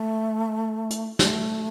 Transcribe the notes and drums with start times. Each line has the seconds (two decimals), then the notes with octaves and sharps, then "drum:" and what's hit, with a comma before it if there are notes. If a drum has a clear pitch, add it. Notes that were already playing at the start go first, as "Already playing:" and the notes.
Already playing: A3
0.90 drum: hi-hat
1.19 A3, drum: snare